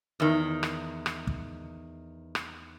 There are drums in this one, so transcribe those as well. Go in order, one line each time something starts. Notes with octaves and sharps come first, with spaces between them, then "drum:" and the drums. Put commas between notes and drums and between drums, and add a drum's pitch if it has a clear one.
E2 D#3
drum: rim click
drum: rim click
drum: kick
drum: rim click